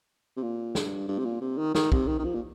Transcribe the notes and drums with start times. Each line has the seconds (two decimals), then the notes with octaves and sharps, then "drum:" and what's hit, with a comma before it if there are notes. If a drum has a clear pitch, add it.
0.37 C3
0.43 A#2
0.75 G2, drum: snare
1.08 G2
1.18 C3
1.25 A#2
1.41 C3
1.58 D#3
1.75 D#3, drum: snare
1.92 C3, drum: kick
2.08 D#3
2.19 D#3
2.24 F3
2.34 A#2